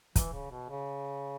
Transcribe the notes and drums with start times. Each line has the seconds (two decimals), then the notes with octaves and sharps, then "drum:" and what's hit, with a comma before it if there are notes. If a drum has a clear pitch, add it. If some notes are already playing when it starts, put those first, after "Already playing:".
0.16 E3, drum: kick, hi-hat
0.33 C#3
0.51 B2
0.69 C#3